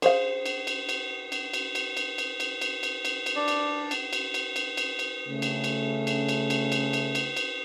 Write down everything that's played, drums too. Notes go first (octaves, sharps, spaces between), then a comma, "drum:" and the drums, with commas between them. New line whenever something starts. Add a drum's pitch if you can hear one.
G#4 C5 F5, drum: cymbal
drum: cymbal
drum: cymbal
drum: cymbal
drum: cymbal
drum: cymbal
drum: cymbal
drum: cymbal
drum: cymbal
drum: cymbal
drum: cymbal
drum: cymbal
drum: cymbal
drum: cymbal
D4 D5
drum: cymbal
drum: cymbal
drum: cymbal
drum: cymbal
drum: cymbal
drum: cymbal
drum: cymbal
C#3 A3
drum: cymbal
drum: cymbal
drum: cymbal
drum: cymbal
drum: cymbal
drum: cymbal
drum: cymbal
drum: cymbal
drum: cymbal